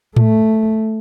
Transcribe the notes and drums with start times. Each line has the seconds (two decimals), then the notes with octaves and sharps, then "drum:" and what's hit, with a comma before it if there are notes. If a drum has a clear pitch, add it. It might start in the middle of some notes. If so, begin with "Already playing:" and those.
0.16 A3, drum: tom A2